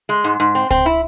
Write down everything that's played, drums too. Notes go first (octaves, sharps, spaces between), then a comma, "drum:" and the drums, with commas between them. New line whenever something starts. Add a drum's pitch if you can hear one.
G#3
G#2
G#2
C4
C4, drum: kick C#2
E4